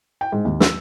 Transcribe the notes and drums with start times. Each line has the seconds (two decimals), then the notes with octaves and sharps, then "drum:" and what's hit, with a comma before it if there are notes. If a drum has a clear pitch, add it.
0.21 G5
0.32 G#2
0.45 D#2
0.60 E6, drum: snare